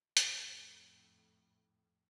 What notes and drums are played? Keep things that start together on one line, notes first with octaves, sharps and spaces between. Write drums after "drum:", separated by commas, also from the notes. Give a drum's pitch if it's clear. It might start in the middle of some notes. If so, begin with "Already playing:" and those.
F2 A2, drum: hi-hat